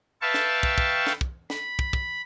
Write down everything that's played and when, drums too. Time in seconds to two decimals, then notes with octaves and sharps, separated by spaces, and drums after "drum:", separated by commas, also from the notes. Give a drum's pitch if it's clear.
0.22 B4 E5 F5 G5 A5 C#6
0.34 drum: snare
0.63 drum: kick
0.78 drum: kick
1.07 drum: snare
1.21 drum: kick
1.50 B5, drum: snare
1.79 drum: kick
1.93 drum: kick